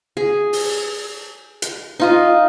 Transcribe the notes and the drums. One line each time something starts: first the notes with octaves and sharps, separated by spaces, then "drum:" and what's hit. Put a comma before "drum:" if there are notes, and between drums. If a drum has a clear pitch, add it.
G#4
drum: open hi-hat
drum: hi-hat
D#4 F4 D#5